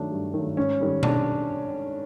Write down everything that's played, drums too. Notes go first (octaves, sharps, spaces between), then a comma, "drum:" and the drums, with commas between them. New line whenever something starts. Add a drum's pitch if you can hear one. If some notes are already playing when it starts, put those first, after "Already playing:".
Already playing: D#3 F#3 A3 D4
G2
D#3 F#3 A3
G#2 C#4
D#3 G3
D4, drum: tom B2